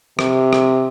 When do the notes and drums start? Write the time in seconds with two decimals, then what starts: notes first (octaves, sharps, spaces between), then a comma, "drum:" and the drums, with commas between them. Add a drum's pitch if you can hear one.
0.19 C3, drum: rim click
0.53 drum: rim click